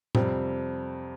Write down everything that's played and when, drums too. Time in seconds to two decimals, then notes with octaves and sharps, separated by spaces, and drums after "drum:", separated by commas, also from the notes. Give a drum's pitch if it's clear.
0.15 F2 C3 G3 C4, drum: tom A2